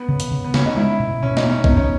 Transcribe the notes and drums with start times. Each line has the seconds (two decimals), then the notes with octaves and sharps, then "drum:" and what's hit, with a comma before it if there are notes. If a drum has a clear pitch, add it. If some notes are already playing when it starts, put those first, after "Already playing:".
Already playing: B3
0.09 C#3
0.20 drum: hi-hat
0.31 C#3
0.44 B3
0.54 C#3 C#4, drum: snare
0.66 D#4
0.76 G#3 E4
1.00 B2
1.23 B2 C#4
1.37 D#4, drum: snare
1.46 B3 C#4
1.64 B3 D#4, drum: kick A#1
1.77 C#4